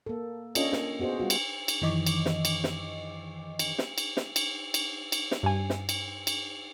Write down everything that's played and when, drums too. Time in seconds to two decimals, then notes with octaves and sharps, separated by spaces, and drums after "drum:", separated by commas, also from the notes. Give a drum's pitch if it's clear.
0.06 A#3 A4
0.55 C#4 D4 F4 A4 C#5 D#5, drum: cymbal
0.73 A#3, drum: snare
1.00 B3 F#4 G#4 C5 D#5
1.19 G3 F4 F#4
1.30 drum: cymbal
1.68 drum: cymbal
1.81 F#2 D#3 E3 D#5 C#6 D6
2.06 drum: cymbal
2.26 drum: snare
2.45 drum: cymbal
2.64 drum: snare
3.59 drum: cymbal
3.79 drum: snare
3.98 drum: cymbal
4.17 drum: snare
4.36 drum: cymbal
4.74 drum: cymbal
5.12 drum: cymbal
5.31 drum: snare
5.43 G2 G#5
5.70 drum: snare
5.89 drum: cymbal
6.27 drum: cymbal